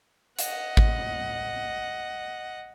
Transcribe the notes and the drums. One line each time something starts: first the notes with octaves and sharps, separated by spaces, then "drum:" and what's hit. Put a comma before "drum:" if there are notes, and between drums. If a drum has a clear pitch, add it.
D#5 F#5, drum: hi-hat
drum: kick G#1